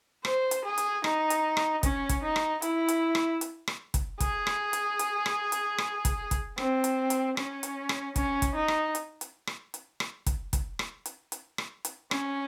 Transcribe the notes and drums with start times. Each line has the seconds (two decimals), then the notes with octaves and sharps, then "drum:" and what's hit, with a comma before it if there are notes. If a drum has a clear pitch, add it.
0.25 C5, drum: rim click
0.51 drum: hi-hat
0.64 G#4
0.78 drum: hi-hat
1.04 D#4, drum: rim click
1.30 drum: hi-hat
1.57 drum: rim click
1.83 C#4, drum: kick, hi-hat
2.09 drum: kick, hi-hat
2.22 D#4
2.36 drum: rim click
2.62 E4, drum: hi-hat
2.88 drum: hi-hat
3.15 drum: rim click
3.41 drum: hi-hat
3.68 drum: rim click
3.94 drum: kick, hi-hat
4.20 G#4, drum: kick, hi-hat
4.47 drum: rim click
4.73 drum: hi-hat
4.99 drum: hi-hat
5.26 drum: rim click
5.52 drum: hi-hat
5.78 drum: rim click
6.05 drum: kick, hi-hat
6.31 drum: kick, hi-hat
6.58 C4, drum: rim click
6.84 drum: hi-hat
7.10 drum: hi-hat
7.37 C#4, drum: rim click
7.63 drum: hi-hat
7.89 drum: rim click
8.16 C#4, drum: kick, hi-hat
8.42 drum: kick, hi-hat
8.55 D#4
8.68 drum: rim click
8.95 drum: hi-hat
9.21 drum: hi-hat
9.47 drum: rim click
9.74 drum: hi-hat
10.00 drum: rim click
10.26 drum: kick, hi-hat
10.53 drum: kick, hi-hat
10.79 drum: rim click
11.06 drum: hi-hat
11.32 drum: hi-hat
11.58 drum: rim click
11.85 drum: hi-hat
12.11 C#4, drum: rim click